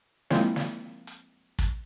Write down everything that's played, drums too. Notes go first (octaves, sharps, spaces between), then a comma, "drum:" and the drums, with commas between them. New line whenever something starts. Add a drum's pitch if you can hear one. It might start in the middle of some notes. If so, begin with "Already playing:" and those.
F3 G#3 A#3 C4 E4 C5, drum: snare
drum: snare
drum: hi-hat
drum: kick, hi-hat